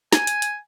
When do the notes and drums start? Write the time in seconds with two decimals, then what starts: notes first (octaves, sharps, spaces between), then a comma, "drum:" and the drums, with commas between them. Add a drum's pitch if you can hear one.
0.13 G#5, drum: snare
0.27 drum: hi-hat
0.42 drum: hi-hat